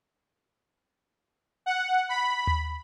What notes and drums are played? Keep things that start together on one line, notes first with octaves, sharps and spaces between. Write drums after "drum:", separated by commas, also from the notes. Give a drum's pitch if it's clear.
F#5
B5
drum: tom D#2